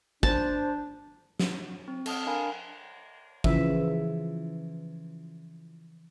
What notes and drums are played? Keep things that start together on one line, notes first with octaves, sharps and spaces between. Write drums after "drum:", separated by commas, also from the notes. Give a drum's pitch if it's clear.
D4 C5 A5, drum: kick
drum: snare
C4
A4 A5 D#6 F6, drum: cymbal
D4 A#4 F5 G#5 A#5 B5
C#3 E3 F3 E5, drum: kick